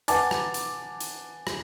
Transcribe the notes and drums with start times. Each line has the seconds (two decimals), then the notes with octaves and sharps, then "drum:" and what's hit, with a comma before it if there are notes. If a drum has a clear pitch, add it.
0.08 B4 F#5 G#5 A5 D6 A6, drum: hi-hat
0.31 drum: rim click
0.54 drum: hi-hat
1.00 drum: hi-hat
1.47 drum: rim click